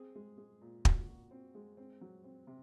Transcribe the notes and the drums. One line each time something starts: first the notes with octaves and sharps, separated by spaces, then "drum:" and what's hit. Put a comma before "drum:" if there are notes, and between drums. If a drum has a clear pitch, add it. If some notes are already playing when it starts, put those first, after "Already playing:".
Already playing: C4 G#4
G#3
G#3
A#2
A#2 F#4, drum: kick
A#2
C4
G#3
C4
F#3
C4
C3